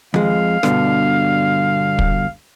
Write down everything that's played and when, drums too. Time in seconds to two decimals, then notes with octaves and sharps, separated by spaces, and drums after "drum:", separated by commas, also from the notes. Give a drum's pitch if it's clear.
0.14 F2 G#3 F5, drum: tom D#3
0.63 G2 B2 D3, drum: rim click
1.99 drum: kick